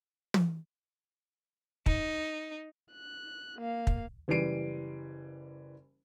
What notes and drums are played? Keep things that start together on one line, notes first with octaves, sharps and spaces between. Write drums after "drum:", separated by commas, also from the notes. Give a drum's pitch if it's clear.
drum: tom
D#4, drum: kick
F#6
A#3 F5
drum: kick
F#1 E3 G3 C7 D7 D#7